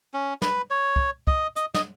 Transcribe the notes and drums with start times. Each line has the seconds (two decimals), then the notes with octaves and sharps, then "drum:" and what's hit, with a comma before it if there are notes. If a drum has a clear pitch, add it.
0.14 C#4
0.42 B4, drum: snare
0.70 C#5
0.96 drum: kick
1.27 D#5, drum: kick
1.56 D#5, drum: hi-hat
1.74 D#5, drum: snare